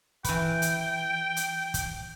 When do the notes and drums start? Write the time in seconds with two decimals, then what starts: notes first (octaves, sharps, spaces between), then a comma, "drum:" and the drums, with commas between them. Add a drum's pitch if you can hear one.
0.24 E3 B4 G5, drum: kick, hi-hat
0.62 drum: hi-hat
1.37 drum: hi-hat
1.74 drum: kick, hi-hat